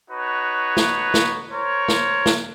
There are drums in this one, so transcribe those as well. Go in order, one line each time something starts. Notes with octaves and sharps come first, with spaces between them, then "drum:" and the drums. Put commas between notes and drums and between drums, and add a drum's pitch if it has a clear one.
D#4 F#4 B4 C#5
drum: snare
drum: snare
A#4 C5 C#5
drum: snare
drum: snare